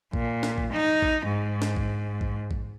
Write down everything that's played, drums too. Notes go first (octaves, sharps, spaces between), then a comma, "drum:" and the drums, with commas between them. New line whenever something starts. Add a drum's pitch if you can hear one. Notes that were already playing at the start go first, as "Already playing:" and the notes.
A#2, drum: kick A1
drum: snare
drum: kick A1
D#4
drum: kick A1
G#2
drum: snare
drum: kick A1
drum: kick A1
drum: kick A1